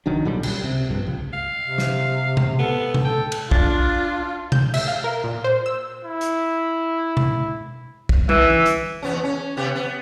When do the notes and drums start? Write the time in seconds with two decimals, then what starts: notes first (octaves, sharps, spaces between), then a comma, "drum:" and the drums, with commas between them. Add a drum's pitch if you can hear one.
0.06 B1 D#3 F#3 D4
0.25 A#2 D3 F#3 G3
0.43 C#2 G3, drum: cymbal
0.64 C3
0.89 A#1 G2
1.06 C#2
1.33 F5
1.62 C3
1.78 drum: snare
2.37 drum: tom B2
2.59 B3 A4
2.94 drum: tom B2
3.05 A4 G5
3.32 drum: cymbal
3.51 D4 F4, drum: kick
4.52 G6, drum: tom B2
4.74 E5, drum: cymbal
4.88 F5
5.04 A#4
5.24 A#2
5.44 C5
5.66 E6
6.05 E4
6.21 drum: hi-hat
7.17 drum: tom B2
8.09 drum: kick
8.29 E3 E5, drum: tom
8.50 drum: tom E3
8.66 drum: hi-hat
9.02 E2 B3 C#4
9.24 C#4
9.57 C3 B3 G4
9.75 B3